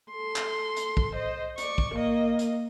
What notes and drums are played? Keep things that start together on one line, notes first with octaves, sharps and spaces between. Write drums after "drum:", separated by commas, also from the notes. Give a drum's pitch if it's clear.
A4 C6
drum: clap
drum: hi-hat
drum: kick
C5 D#5
D5 C#6, drum: hi-hat
drum: kick
A#3 D#5
drum: hi-hat